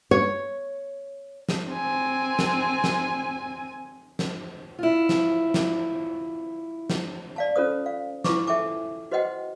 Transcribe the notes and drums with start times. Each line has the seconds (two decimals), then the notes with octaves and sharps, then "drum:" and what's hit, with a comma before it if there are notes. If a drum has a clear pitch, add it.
0.11 C#5
1.49 drum: snare
1.70 C4 G#5
2.39 drum: snare
2.84 drum: snare
4.19 drum: snare
4.79 E4 F4
5.09 drum: snare
5.54 drum: snare
6.90 drum: snare
7.36 D5 F5 A5
7.56 C#4 F4 A4 C5 D#6
7.86 F5
8.24 E4 F4 B4 C#6 D6, drum: snare
8.47 A4 E5 G5 G#5 D6
9.12 F#4 B4 C5 D#5 F#5 G5